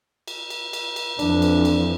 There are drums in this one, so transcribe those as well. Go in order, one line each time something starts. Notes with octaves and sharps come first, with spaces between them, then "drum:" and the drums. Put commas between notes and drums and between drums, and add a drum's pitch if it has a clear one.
drum: cymbal
drum: cymbal
drum: cymbal
drum: cymbal
F2 E3 F3 D4, drum: cymbal
drum: cymbal
drum: cymbal